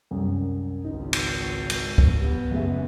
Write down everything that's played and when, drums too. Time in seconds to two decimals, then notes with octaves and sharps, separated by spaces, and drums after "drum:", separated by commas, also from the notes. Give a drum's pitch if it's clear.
0.11 C2 F#2
0.84 G#1 C#2 D#4
1.13 drum: cymbal
1.70 drum: cymbal
1.98 drum: kick
2.19 B3 G4
2.51 F#1 G#3 E5